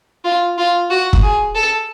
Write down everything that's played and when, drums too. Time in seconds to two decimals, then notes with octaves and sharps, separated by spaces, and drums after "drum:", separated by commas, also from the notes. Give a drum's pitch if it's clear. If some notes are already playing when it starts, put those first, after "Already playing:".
0.24 F4
0.58 F4
0.90 F#4
1.13 drum: kick
1.22 G#4
1.55 A4